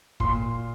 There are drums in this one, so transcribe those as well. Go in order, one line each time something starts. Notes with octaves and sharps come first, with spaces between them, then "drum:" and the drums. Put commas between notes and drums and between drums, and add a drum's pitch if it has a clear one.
A#2 C6, drum: kick